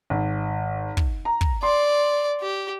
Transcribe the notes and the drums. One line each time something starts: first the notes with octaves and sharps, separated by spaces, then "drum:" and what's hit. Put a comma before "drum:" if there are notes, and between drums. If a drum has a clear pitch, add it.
G#1
drum: kick
A#5
drum: kick
D5 C6
G4